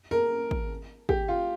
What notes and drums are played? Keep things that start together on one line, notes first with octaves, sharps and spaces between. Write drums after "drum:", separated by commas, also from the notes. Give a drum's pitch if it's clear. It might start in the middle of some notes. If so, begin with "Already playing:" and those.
A#4
drum: kick
G4, drum: kick
F4